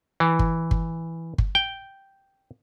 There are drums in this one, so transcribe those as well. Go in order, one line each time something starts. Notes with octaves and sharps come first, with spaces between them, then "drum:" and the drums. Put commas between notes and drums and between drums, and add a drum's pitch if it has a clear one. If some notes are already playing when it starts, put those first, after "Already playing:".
E3
drum: kick G1
drum: kick G1
drum: kick G1
G5